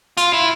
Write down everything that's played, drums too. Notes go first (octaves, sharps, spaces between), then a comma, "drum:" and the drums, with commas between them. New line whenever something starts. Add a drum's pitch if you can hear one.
F4, drum: hi-hat
E4